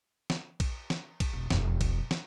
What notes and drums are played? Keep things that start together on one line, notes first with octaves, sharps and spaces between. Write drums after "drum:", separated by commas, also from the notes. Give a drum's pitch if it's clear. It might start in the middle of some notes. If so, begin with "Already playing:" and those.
drum: snare
drum: kick A#1, cymbal
drum: snare
drum: kick A#1, cymbal
E1
E1 F2, drum: snare
drum: kick A#1, cymbal
drum: snare